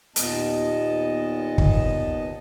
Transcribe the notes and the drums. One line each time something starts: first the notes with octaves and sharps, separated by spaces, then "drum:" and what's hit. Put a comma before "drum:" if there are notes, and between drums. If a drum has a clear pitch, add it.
D#2 A#2 B3 D#5 A5, drum: hi-hat
drum: kick